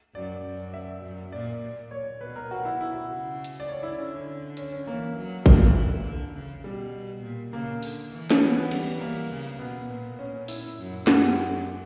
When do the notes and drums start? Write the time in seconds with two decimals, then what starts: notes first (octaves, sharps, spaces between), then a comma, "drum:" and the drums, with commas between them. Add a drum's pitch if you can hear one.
0.15 F#2 D5
0.44 F#2
0.74 E5
1.04 F#2
1.32 A#2 D5
1.62 A#2
1.91 C#5
2.21 B2 B4
2.36 A#4
2.50 B2 F#4
2.65 E4
2.81 E4
2.94 F#4
3.10 C#3
3.45 drum: hi-hat
3.60 D5
3.69 C#5
3.83 E4
3.98 D3 C#4
4.57 C#4, drum: hi-hat
4.72 C#4
4.87 E3 A#3
5.17 F#3
5.46 E3 A#3, drum: kick G#1
6.04 D3
6.34 C#3
6.64 B2 G3
7.23 A#2
7.53 C#3 A#3
7.82 D3, drum: open hi-hat
8.12 E3
8.31 C#4, drum: snare
8.41 B3
8.57 B3
8.71 G3, drum: cymbal
9.00 E3 A#3
9.30 C#3
9.59 B2 B3
9.89 A#2
10.18 A#2 C#4
10.48 E4, drum: open hi-hat
10.78 F#2
11.07 F#2 F#4, drum: snare
11.22 G4